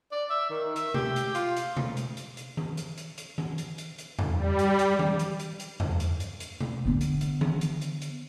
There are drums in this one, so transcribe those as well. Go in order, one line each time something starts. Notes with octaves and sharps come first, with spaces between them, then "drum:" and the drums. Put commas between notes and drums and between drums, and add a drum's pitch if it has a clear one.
D5
E5
D#3
E5, drum: hi-hat
G4, drum: tom B2
drum: hi-hat
F4, drum: hi-hat
drum: hi-hat
drum: tom B2
drum: hi-hat
drum: hi-hat
drum: hi-hat
drum: tom D#3
drum: hi-hat
drum: hi-hat
drum: hi-hat
drum: tom D#3
drum: hi-hat
drum: hi-hat
drum: hi-hat
drum: tom E2
G3
drum: hi-hat
drum: hi-hat
drum: tom D#3
drum: hi-hat
drum: hi-hat
drum: hi-hat
drum: tom E2
drum: hi-hat
drum: hi-hat
drum: hi-hat
drum: tom B2
D3 B3
drum: hi-hat
drum: hi-hat
drum: tom D#3
drum: hi-hat
drum: hi-hat
drum: hi-hat